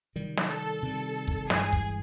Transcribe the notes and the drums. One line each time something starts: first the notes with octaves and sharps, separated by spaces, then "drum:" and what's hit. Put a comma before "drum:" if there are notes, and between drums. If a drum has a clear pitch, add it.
C3 D#3 G3
drum: snare
A4
C3 D#3 G3
drum: kick
G2 E3 G#3 G#4, drum: snare
drum: kick